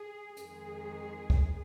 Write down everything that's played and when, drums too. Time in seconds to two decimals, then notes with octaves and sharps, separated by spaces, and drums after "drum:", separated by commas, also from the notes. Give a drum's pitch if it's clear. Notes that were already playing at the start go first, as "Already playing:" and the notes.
Already playing: G#4
0.37 F2 D#3 G#3 G#4, drum: hi-hat
1.30 drum: kick